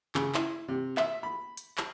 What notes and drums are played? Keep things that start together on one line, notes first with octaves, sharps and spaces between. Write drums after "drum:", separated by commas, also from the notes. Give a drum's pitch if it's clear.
C#3, drum: clap
E4, drum: clap
C3
E5, drum: clap
B5
drum: hi-hat
drum: clap